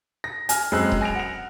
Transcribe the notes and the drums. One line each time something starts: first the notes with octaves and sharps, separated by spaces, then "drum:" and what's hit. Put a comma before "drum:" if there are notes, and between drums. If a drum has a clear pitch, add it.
A#6
G#5 F6, drum: hi-hat
F#2 G#3 C4 B5 E6 F#6
drum: kick D#1
G#5 A#6 D7 F7
F#5 F7